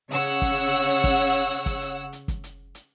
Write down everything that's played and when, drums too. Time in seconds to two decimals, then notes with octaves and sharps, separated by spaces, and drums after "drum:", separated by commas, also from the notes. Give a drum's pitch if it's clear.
0.11 C#3 C#5 F#5 E6
0.26 drum: hi-hat
0.42 drum: kick, hi-hat
0.57 drum: hi-hat
0.88 drum: hi-hat
1.04 drum: kick, hi-hat
1.50 drum: hi-hat
1.66 drum: kick, hi-hat
1.81 drum: hi-hat
2.13 drum: hi-hat
2.28 drum: kick, hi-hat
2.44 drum: hi-hat
2.75 drum: hi-hat